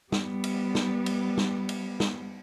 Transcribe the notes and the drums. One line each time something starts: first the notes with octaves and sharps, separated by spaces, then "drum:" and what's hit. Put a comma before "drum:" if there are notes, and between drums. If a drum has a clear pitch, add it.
G3 B3, drum: snare
drum: cymbal
drum: snare
drum: cymbal
drum: snare
drum: cymbal
drum: snare